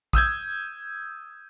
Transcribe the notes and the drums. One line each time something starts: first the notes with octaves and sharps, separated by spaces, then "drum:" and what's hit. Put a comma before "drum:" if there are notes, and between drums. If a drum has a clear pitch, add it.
D#6 E6 G6 G#6, drum: kick